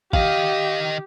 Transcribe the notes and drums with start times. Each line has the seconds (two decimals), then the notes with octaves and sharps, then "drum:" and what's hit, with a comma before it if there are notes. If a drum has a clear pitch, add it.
0.13 D#3 G4 D#5 F5, drum: kick